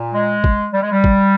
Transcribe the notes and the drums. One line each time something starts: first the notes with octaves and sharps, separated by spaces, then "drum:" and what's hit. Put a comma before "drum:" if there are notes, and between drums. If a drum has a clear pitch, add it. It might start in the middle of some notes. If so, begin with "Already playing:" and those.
Already playing: A#2
G#3
drum: kick
G3
G#3
G3
drum: kick